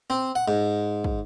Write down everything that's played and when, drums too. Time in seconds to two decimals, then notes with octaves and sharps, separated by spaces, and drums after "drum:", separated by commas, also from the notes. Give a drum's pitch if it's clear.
0.10 C4
0.36 F#5
0.48 G#2
1.04 drum: kick